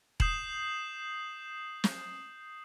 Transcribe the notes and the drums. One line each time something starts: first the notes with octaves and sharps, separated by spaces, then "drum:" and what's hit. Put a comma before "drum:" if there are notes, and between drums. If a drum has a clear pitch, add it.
D#6 G6 C7 E7 F#7, drum: kick E1
drum: snare